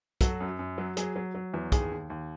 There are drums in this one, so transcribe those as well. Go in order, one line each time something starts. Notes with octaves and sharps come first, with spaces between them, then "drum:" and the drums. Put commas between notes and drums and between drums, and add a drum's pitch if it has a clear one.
F#3 F#4 A4, drum: kick, hi-hat
F#2
F#2
F#3
F#3 G#4, drum: hi-hat
F#3
F#3
E2
D#2 G#4, drum: kick, hi-hat
D#2
D#2